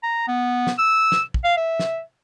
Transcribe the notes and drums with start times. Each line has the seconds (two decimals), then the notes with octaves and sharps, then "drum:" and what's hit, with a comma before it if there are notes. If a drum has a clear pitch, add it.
0.03 A#5
0.28 B3
0.67 drum: snare
0.78 E6
1.12 drum: snare
1.34 drum: kick
1.44 F5
1.57 E5
1.79 drum: snare